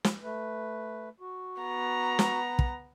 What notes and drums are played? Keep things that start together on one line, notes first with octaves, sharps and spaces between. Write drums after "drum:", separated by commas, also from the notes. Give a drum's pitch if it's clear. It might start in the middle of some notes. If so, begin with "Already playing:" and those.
drum: snare
A3 B4
F#4
B3 A#5
drum: snare
drum: kick